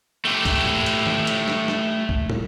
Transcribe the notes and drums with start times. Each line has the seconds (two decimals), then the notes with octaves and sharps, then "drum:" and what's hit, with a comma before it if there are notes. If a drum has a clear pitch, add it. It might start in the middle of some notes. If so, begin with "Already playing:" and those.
0.25 A3 G4
0.45 drum: kick, hi-hat
0.66 drum: tom G#2
0.86 drum: hi-hat
1.07 drum: tom D#3
1.27 drum: hi-hat
1.48 drum: snare
1.68 drum: snare
2.09 drum: kick
2.30 drum: tom